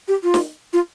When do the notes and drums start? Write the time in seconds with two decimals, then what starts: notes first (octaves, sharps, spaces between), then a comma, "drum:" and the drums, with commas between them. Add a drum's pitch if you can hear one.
0.08 G4
0.23 F4
0.34 drum: snare
0.73 F4